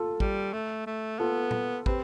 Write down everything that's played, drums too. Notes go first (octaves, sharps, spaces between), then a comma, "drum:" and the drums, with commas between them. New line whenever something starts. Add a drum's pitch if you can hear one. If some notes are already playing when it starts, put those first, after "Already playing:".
Already playing: F4 A4
G3, drum: kick
A3
A3
B3 F4 A4
drum: tom A#2
C4 G4 B4, drum: kick